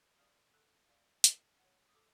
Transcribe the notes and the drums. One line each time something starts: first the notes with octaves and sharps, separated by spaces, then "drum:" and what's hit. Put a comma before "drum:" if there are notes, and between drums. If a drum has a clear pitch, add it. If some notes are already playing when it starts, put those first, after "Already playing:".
D5 F5 D#6 F6
A4 E6 F#6
D5 F5
A4, drum: hi-hat
C#5 F#5
D#6
A4 D6 E6